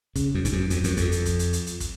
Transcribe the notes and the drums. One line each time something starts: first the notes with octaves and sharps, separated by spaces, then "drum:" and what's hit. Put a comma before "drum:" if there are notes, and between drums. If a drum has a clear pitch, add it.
C#3, drum: kick, hi-hat
F#2
G#2, drum: kick, hi-hat
F#2
F2, drum: hi-hat
F#2, drum: hi-hat
F2, drum: kick, hi-hat
drum: hi-hat
drum: kick, hi-hat
drum: hi-hat
drum: hi-hat
drum: hi-hat
drum: kick, hi-hat